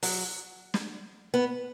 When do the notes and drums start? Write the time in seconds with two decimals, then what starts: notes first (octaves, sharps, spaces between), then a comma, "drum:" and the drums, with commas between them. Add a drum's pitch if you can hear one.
0.03 F#3, drum: open hi-hat
0.74 drum: snare
1.34 B3